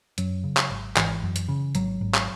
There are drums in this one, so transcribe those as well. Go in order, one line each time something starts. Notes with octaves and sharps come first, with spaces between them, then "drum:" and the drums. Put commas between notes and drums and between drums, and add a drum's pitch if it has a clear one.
F#2 F#3, drum: hi-hat
C#3
drum: clap
G#1
G#1 E3, drum: clap
F#2
drum: hi-hat
C#3
G#1 F#3, drum: hi-hat
G#1
drum: clap